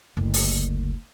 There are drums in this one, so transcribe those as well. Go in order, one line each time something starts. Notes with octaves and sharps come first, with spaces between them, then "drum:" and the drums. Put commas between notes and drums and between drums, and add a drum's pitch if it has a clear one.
F#1 D2
drum: open hi-hat